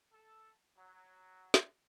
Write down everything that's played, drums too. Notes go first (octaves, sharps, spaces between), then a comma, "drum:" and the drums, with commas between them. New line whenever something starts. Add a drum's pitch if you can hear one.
A4
F#3
drum: snare